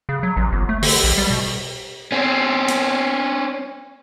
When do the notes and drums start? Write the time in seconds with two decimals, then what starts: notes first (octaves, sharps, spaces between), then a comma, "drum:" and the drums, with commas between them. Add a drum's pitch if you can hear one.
0.09 C#3
0.23 F#3
0.37 A1
0.52 G1
0.69 A3
0.82 D3, drum: open hi-hat
1.04 A#1
1.17 G3
1.30 B2
2.12 C4 C#4
2.68 drum: hi-hat